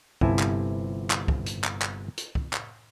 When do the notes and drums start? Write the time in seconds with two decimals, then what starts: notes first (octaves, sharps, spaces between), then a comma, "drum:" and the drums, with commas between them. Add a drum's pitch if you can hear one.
0.21 G1 C3 E4 G#5 A5, drum: kick
0.39 drum: clap
1.10 drum: clap
1.28 drum: kick
1.46 drum: hi-hat
1.64 drum: clap
1.82 drum: clap
2.17 drum: hi-hat
2.35 drum: kick
2.53 drum: clap